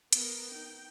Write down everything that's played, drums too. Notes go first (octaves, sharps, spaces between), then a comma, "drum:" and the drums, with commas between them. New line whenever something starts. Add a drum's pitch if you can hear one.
B3 A#4, drum: hi-hat
D#4 G5